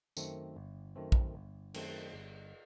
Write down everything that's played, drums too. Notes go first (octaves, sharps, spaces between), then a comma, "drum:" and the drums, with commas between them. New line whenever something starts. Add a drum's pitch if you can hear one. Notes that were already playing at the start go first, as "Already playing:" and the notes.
F#2 D#3 A3 C4, drum: tambourine
G1
F#2 D#3 A3 C4
drum: kick
G1
F#2 D#3 A3 C4, drum: cymbal
G1